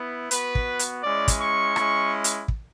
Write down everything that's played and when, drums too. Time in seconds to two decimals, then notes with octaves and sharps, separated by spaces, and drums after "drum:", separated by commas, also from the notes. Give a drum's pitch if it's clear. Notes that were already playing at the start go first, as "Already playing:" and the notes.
Already playing: B3 E4
0.31 B3 F#4 B4, drum: hi-hat
0.55 drum: kick
0.79 drum: hi-hat
1.03 G#3 C#4 E4 D5
1.28 drum: kick, hi-hat
1.40 C#6
1.76 G#3 C#4 E4, drum: rim click
2.24 drum: hi-hat
2.48 drum: kick